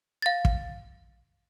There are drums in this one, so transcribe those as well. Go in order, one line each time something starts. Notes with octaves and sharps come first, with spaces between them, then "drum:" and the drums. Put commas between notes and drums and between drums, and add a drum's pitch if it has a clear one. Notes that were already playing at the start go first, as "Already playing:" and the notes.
F5 A6
drum: kick